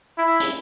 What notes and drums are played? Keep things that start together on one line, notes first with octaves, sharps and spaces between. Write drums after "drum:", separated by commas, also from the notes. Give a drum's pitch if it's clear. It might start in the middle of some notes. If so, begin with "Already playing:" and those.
E4
drum: hi-hat